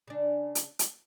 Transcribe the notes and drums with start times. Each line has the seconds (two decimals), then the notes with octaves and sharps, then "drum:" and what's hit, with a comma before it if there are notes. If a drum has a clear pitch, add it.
0.07 C#3 D4
0.55 drum: hi-hat
0.79 drum: hi-hat